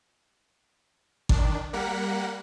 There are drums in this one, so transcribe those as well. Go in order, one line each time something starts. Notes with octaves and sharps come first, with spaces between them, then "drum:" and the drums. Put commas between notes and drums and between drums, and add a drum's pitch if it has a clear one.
D#3 D4, drum: kick G#1
G3 A#3 A#4 F#5 B6